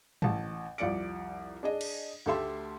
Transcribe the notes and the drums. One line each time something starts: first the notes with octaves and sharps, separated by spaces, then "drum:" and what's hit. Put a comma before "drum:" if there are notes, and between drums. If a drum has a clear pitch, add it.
A1 A5, drum: tom G#2
C2 F2 D5 C#7 D7
D4 G#4 D#5
drum: cymbal
D2 A3 G4 A4 E5 C6